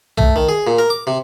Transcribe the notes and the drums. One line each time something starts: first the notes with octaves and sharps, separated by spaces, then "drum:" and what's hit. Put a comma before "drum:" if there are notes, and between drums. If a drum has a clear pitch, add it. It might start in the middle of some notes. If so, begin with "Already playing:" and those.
A3, drum: tom
D#3
G#4
A#2
A#4
D6
C3